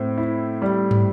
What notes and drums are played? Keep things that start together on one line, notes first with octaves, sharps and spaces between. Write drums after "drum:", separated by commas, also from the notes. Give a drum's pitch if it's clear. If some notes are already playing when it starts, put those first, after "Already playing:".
Already playing: A2 C4
E4
G3
drum: tom